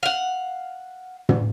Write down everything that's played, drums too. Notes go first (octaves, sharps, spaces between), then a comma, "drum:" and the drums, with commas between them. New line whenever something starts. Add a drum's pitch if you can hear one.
F5 F#5
drum: tom